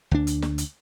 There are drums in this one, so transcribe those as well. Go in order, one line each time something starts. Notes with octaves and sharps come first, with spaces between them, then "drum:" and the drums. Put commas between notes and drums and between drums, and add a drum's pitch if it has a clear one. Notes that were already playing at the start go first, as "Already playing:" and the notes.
D2 D4
drum: hi-hat
drum: snare
drum: hi-hat